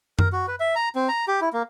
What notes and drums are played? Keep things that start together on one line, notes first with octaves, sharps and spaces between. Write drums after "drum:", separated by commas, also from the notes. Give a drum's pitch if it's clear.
A#4, drum: tom F#2
F#4
B4
E5
A#5
C4
A#5
G4
E4
A#3